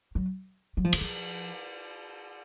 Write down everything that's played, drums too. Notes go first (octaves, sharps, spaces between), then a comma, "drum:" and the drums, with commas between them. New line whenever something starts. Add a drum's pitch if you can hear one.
F#3
F#3
F3
D3, drum: cymbal
F3